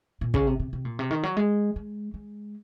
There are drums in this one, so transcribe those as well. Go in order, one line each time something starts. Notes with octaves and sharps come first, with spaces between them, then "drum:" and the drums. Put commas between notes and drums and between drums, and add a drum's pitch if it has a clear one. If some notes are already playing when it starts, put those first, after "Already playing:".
A#2
C#3, drum: kick
C3
C3
C3
A#2
C3
D#3
F#3
G#3
G#3
G#3